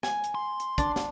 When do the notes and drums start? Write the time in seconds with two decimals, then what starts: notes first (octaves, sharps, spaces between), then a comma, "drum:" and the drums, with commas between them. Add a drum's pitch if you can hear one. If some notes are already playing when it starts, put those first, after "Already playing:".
0.03 G#5, drum: snare
0.24 drum: hi-hat
0.35 C6
0.60 drum: hi-hat
0.78 D4, drum: kick, hi-hat
0.96 drum: snare